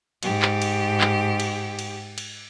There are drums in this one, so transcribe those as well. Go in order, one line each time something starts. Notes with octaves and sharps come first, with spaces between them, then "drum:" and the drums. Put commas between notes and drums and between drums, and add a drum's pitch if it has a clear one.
G#2 G4, drum: cymbal
drum: clap
drum: cymbal
drum: clap
drum: cymbal
drum: cymbal
drum: cymbal